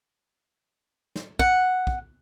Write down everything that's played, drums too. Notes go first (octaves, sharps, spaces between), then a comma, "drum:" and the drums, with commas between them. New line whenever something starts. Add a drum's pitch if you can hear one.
drum: snare
F#5, drum: kick
drum: kick